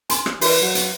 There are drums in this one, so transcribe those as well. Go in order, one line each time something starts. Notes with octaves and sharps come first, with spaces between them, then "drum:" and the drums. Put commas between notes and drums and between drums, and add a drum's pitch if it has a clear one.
G#5 C6, drum: hi-hat
drum: rim click
E3 F#4 B4, drum: open hi-hat
F#3
drum: hi-hat